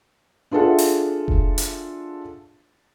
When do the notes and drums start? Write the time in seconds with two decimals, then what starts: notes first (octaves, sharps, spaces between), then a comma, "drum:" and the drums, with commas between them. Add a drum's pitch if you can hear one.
0.51 D4 F4 G#4 A4 E5 F#5
0.78 drum: open hi-hat
1.28 drum: kick F1
1.58 drum: hi-hat